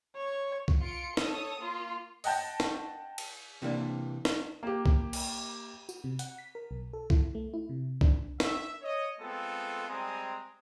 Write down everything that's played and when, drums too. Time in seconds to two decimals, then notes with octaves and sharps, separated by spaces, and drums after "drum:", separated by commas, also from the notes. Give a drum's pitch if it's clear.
0.16 C#5
0.68 drum: kick C2
0.82 F4 C#7 D7
1.17 A4 C#5 D#6, drum: snare
1.59 A#3 F4
2.24 D#5 F#5 G5 A5 G6 A#6, drum: open hi-hat
2.60 drum: snare
3.18 drum: cymbal
3.62 C3 E3 A#3 D4
4.25 drum: snare
4.63 A#3 G4
4.86 drum: kick C2
5.13 drum: cymbal
5.89 F#4, drum: tambourine
6.04 C3
6.19 F#5, drum: hi-hat
6.38 B6
6.55 A#4
6.71 B1
6.93 A4
7.10 E4, drum: kick C2
7.35 A3
7.53 E4
7.69 C3
8.01 D4, drum: kick C2
8.40 E5, drum: snare
8.82 C#5 D#5
9.19 G#3 A3 B3 C4 F4 A4
9.87 G3 G#3 C4 G#5 A#5 D#6